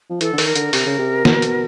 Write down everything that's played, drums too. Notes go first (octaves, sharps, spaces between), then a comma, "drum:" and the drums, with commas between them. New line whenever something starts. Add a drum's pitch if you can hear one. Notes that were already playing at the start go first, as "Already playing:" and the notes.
F3
E3 A4, drum: hi-hat
D3
D#3, drum: open hi-hat
A#4
D3, drum: hi-hat
C3, drum: open hi-hat
C#3
C3
B2, drum: snare
drum: hi-hat